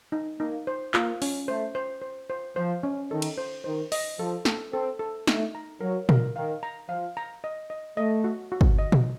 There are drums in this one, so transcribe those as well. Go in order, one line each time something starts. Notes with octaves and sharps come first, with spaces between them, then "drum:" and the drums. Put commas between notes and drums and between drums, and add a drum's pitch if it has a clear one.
D#4
A#3 D#4
C5
A#3 F4, drum: clap
C#4, drum: open hi-hat
A3 C5
C5
C5
C5
F3 C5
C#4
D#3 A4
drum: cymbal
C5
D#3 C5
D#5, drum: open hi-hat
F3 A4
A4, drum: snare
C4 A4
A4
A3 D#4, drum: snare
A#5
F#3 A#4
A#4, drum: tom A#2
D#3 F5
A#5
F3 F5
A#5
D#5
D#5
A3 D#5
F#4
F#4
drum: kick
D#5
drum: tom A#2